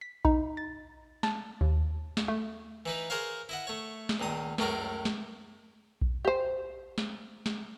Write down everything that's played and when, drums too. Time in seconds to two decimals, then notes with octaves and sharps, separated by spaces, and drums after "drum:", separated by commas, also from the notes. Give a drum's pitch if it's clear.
0.01 B6
0.25 D#4, drum: kick A#1
0.57 A6
1.23 A5, drum: snare
1.61 D#2
2.17 drum: snare
2.28 A3
2.86 E3 D#4 B4
3.10 G#4 A#4 C5 C#5 F5
3.49 E4 D#5 F#5
3.67 A3 C#5
4.09 drum: snare
4.20 C#2 A#2 D#3 D#6
4.58 C#2 F#2 A2 C#4 A#4 D5, drum: snare
5.05 drum: snare
6.02 drum: kick A#1
6.25 G4 C5
6.98 drum: snare
7.46 drum: snare